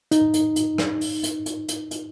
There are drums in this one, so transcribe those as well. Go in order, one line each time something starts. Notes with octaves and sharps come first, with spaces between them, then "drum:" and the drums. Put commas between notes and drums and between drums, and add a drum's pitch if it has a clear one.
D#4, drum: hi-hat
drum: hi-hat
drum: hi-hat
drum: rim click
drum: open hi-hat
drum: hi-hat
drum: hi-hat
drum: hi-hat
drum: hi-hat